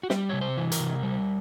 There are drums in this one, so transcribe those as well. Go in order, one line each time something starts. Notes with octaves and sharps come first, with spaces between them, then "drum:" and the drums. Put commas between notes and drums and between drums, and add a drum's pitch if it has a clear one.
F#4
G3 G4, drum: snare
C3 C#5
C5
E3
A#4, drum: hi-hat
C3
G3